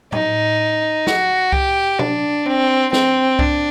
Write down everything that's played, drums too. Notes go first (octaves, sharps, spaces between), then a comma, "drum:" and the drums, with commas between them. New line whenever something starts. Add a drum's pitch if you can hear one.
D#4, drum: tom
F#4, drum: snare
G4, drum: kick C2
D4, drum: tom B2
C4
C4, drum: snare
D4, drum: kick C2